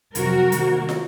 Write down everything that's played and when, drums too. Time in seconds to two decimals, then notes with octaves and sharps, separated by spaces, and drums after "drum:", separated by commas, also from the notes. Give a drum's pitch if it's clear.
0.15 F2 C3 F#3 F#4 A#4, drum: hi-hat
0.52 C3 D#3 A#3, drum: hi-hat
0.89 drum: snare